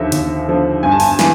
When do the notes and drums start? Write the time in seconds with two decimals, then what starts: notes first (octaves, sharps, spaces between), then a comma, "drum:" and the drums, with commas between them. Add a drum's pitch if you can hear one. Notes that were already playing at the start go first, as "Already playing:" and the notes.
Already playing: D#2 D3 F3 E5
0.12 D#2, drum: hi-hat
0.48 D3 F3
0.83 G2 G#5
0.92 A5
1.00 G#5, drum: open hi-hat
1.19 E3, drum: snare